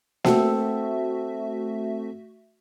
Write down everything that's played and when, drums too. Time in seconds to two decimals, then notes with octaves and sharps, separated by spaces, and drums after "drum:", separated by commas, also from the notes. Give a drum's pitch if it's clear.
0.24 A3 C4 F#4 A4 E5, drum: snare A#3